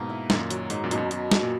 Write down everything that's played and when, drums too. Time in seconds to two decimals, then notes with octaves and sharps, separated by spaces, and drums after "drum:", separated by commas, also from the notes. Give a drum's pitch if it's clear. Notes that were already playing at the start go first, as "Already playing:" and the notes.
Already playing: G#2 B2 A#3
0.09 E4
0.30 F#2 A#2 D#3, drum: snare
0.50 F#3, drum: hi-hat
0.70 G#2 D#4, drum: hi-hat
0.84 F#2 A#2
0.91 G#2 B2, drum: hi-hat
0.97 F#2
1.11 B2, drum: hi-hat
1.31 A#3, drum: snare
1.43 A#2